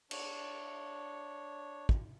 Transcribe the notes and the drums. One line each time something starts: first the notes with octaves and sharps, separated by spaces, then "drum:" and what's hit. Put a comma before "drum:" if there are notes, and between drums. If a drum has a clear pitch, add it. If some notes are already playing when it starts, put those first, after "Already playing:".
D4 C#5, drum: cymbal
drum: kick